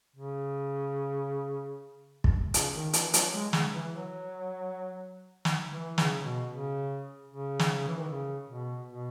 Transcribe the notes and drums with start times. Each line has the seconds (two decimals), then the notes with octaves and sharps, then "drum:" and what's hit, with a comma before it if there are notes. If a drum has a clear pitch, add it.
0.16 C#3
2.24 drum: kick
2.54 C#3, drum: hi-hat
2.74 D#3
2.93 E3, drum: hi-hat
3.14 F#3, drum: hi-hat
3.33 G#3
3.53 C#3, drum: snare
3.73 E3
3.92 F#3
5.45 drum: snare
5.71 E3
5.98 C#3, drum: snare
6.23 B2
6.50 C#3
7.30 C#3
7.59 drum: snare
7.88 E3
7.98 D#3
8.09 C#3
8.48 B2
8.89 B2